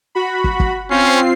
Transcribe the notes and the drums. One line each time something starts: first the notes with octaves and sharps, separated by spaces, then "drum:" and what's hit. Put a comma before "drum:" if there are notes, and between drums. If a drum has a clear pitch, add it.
F#4 B5
drum: kick
drum: kick
C4 C#4 F4 C7